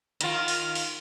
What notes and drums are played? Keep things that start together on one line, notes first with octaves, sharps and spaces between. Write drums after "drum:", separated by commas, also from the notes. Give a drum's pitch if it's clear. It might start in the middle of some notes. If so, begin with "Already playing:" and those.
D#3 F4, drum: hi-hat
drum: open hi-hat
drum: open hi-hat